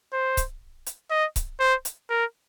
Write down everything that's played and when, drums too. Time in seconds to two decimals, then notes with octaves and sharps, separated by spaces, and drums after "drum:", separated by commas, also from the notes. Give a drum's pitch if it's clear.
0.13 C5
0.37 drum: kick C#1, hi-hat
0.87 drum: hi-hat
1.11 D#5
1.36 drum: kick C#1, hi-hat
1.60 C5
1.85 drum: hi-hat
2.10 A#4